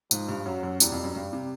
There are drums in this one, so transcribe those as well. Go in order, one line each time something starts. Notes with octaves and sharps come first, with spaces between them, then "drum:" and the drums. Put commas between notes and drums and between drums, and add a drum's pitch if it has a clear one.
G#2 F3, drum: tambourine
G2
F#2 F#3
F#2
E2 G3, drum: tambourine
F2
F#2
G2 G3
C3